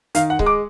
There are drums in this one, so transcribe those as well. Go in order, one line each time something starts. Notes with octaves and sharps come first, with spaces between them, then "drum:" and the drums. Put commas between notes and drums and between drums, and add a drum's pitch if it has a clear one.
D#3 F5, drum: hi-hat
F#5
G#3, drum: kick C#1
D6